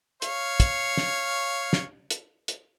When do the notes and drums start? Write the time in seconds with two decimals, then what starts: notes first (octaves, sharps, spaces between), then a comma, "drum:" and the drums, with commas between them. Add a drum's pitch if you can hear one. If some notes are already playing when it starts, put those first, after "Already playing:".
0.22 C#5 F5, drum: hi-hat
0.60 drum: kick, hi-hat
0.97 drum: snare
1.73 drum: snare
2.10 drum: hi-hat
2.48 drum: hi-hat